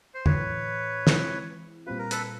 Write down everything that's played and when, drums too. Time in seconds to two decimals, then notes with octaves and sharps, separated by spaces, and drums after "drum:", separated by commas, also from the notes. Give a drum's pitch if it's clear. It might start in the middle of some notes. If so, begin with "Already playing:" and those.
0.14 C5
0.26 A2 E3 A3 B4 C#5, drum: tom
1.07 E3 G#3 C4 E4, drum: snare
1.86 A#2 G3 C4 F4 B4
1.99 A#4
2.11 A4 B4, drum: hi-hat